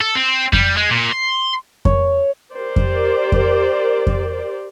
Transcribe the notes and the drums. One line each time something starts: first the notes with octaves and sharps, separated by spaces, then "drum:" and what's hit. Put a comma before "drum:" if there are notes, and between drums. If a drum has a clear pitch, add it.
A4
C4
G3, drum: kick F2
G#3
A#2
C6
C#5, drum: kick F2
G4 A#4 C5 D5
drum: kick F2
drum: kick F2
drum: kick F2